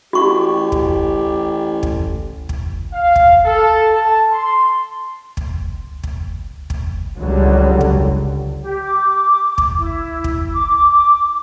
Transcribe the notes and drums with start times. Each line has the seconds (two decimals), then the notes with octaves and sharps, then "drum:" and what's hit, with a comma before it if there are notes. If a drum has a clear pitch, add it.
0.13 A1 F#4 G4 C#6
0.72 drum: kick
1.83 drum: kick
2.49 drum: kick
2.93 F5
3.16 drum: kick
3.45 A4
3.94 A5
4.32 C6
5.37 drum: kick
6.03 drum: kick
6.70 drum: kick
7.19 C#2 D3 F#3 G3
7.81 drum: kick
8.61 G4
8.84 D6
9.58 drum: kick
9.78 E4
10.24 drum: kick
10.54 D6